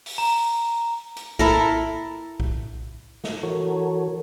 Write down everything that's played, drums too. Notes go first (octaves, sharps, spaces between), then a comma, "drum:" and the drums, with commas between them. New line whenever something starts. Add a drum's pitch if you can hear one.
drum: open hi-hat
A#5
drum: hi-hat
E4 A4 A#4, drum: kick A#1
drum: kick A#1
drum: snare
E3 F#4 A4 A#4 C#5